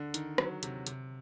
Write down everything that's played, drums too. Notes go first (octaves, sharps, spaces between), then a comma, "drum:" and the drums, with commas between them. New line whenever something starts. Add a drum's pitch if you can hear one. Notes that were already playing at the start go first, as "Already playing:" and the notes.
Already playing: D3
D#3, drum: hi-hat
F#3, drum: rim click
C3, drum: hi-hat
C3, drum: hi-hat